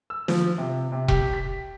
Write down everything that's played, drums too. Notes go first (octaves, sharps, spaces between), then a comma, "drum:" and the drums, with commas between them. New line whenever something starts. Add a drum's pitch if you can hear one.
E6
F3, drum: snare
C3
C3
G4, drum: kick E1
B6